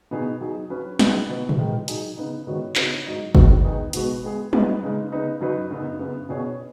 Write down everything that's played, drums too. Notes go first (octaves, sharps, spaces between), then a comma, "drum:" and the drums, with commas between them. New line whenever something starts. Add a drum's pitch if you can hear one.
B2 B3 D#4 G#4
F#3 D#4 G#4
F#3 C#4 B4
F#3 D#4 G#4 B4, drum: snare
B2 B3 D#4 B4
drum: tom
D#3 G#3 D#4 B4
F#3 D#4 G#4, drum: hi-hat
C#3 B3 D#4
G#2 D#3 B3 F#4 C#5
C#3 B3 D#4 F#4 C#5, drum: clap
G#2 F#3 D#4
D#3 G#3 B3 F#4, drum: kick G1
D#3 B3 D#4 G#4 B4
B2 G#3 B3 F#4 B4, drum: hi-hat
G#3 B3 G#4
G#3 B3 D#4 B4, drum: tom
C#3 G#3 D#4 B4
C#3 B3 D#4 B4
F#2 F#3 D#4 B4
F#2 C#3 B3 D#4
F#2 C#3 B3
B2 B3 G#4 C#5